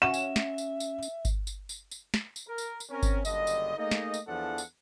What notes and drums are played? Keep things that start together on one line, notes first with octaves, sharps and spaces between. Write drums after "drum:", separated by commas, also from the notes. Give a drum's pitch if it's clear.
C#4 F#4 E5 E7
drum: tambourine
drum: snare
drum: tambourine
drum: tambourine
drum: tambourine
drum: kick G1, tambourine
drum: tambourine
drum: tambourine
drum: tambourine
drum: snare
drum: tambourine
A#4
drum: tambourine
drum: tambourine
C4 C#4 A#4
drum: kick G1, tambourine
F#1 G2 D3 D#5, drum: tambourine
drum: tambourine
A3 A#3 D#4 G#4 D#5
drum: snare
drum: tambourine
E2 E3 F3 D4 A4 F#5
drum: tambourine